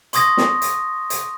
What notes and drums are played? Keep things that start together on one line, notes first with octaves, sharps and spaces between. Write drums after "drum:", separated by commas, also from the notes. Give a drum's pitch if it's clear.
C6 C#6 D#6 G#6 A#6, drum: hi-hat
drum: snare
drum: hi-hat
drum: hi-hat